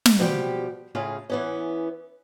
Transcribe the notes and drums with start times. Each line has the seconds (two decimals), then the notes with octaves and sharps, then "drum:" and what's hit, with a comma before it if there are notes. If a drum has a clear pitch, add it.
0.05 drum: snare
0.19 B2 F3 G3 G4 A#4 G5
0.95 A2 C#3 F4 G#4 F5
1.30 E3 B3 C#4